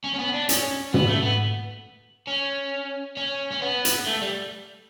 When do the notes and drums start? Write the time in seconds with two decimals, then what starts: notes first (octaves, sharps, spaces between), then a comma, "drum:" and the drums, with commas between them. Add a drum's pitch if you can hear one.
0.04 C#4
0.14 C#4
0.19 B3
0.34 D4
0.49 C#4, drum: hi-hat
0.94 B3, drum: tom
1.08 A3
1.23 B3
2.27 C#4
3.17 C#4
3.51 C#4
3.62 B3
3.85 drum: hi-hat
4.06 A3
4.21 G3